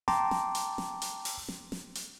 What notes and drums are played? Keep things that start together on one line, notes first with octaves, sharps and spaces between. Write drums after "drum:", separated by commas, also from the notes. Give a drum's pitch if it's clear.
G5 A5 A#5 C6 D6, drum: snare
drum: snare
drum: hi-hat
drum: snare
drum: hi-hat
drum: open hi-hat
drum: snare
drum: snare
drum: hi-hat